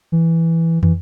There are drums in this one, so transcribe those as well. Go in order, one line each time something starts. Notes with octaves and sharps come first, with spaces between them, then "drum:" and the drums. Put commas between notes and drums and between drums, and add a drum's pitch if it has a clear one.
E3
E3, drum: tom